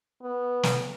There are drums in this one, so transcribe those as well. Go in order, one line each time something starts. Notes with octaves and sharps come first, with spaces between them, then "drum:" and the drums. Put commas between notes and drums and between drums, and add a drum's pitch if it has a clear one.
B3
drum: snare